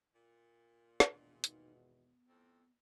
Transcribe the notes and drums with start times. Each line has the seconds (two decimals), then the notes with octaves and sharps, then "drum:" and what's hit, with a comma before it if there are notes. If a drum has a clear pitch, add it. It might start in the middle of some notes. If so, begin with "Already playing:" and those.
0.14 A#2
1.00 G#1 E2 B2 D4, drum: snare
1.44 D#4, drum: hi-hat
1.77 B3
2.27 F2 A2 C4